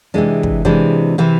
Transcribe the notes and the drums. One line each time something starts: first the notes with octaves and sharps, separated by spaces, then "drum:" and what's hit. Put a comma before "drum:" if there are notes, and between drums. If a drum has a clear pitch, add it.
C3 E3 G#3 D4
drum: kick
C3 E3 G#3 D4
C3 E3